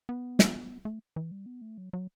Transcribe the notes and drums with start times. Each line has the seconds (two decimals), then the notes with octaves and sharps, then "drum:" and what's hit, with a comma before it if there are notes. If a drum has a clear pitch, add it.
0.09 B3
0.39 drum: snare
0.85 A3
1.16 E3
1.31 G3
1.46 B3
1.61 A3
1.78 F#3
1.93 F#3